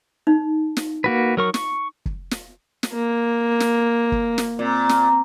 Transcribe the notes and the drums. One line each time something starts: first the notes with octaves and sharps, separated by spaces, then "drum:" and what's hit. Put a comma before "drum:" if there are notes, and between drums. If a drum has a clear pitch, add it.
D#4
drum: snare
A#3 F#4 B4
F#3 A#4 C#6
C#6, drum: snare
drum: kick
drum: snare
drum: snare
A#3
drum: snare
drum: kick
drum: snare
A#2 C4
drum: snare